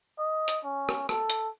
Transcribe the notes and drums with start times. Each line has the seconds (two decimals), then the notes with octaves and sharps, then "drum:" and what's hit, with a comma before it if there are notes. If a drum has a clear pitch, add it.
0.19 D#5
0.48 drum: hi-hat
0.64 C#4
0.89 drum: rim click
1.09 A4, drum: rim click
1.30 drum: hi-hat